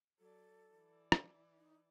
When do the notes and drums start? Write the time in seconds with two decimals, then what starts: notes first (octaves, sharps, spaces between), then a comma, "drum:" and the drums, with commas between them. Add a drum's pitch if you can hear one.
0.19 F#3 A4 D5
0.73 E3 D5
1.12 drum: rim click
1.57 D#4